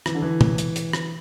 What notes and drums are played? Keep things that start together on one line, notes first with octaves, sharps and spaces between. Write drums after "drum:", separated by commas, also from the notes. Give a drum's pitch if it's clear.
E3, drum: rim click
D3
E3
drum: tom
drum: hi-hat
drum: hi-hat
drum: rim click